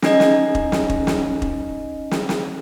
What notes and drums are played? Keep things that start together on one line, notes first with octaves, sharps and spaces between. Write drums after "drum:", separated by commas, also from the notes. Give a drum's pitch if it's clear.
C#4 D#4 D#5, drum: snare
drum: snare
drum: kick
drum: snare
drum: kick
drum: snare
drum: kick
drum: snare
drum: snare